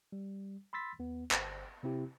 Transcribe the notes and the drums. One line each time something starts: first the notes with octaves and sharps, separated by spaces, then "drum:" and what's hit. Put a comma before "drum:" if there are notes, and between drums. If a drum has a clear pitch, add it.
G3
B5 C6 E6 A6 B6
D#2 B3
G1 C5, drum: clap
C3 C4 E4 G4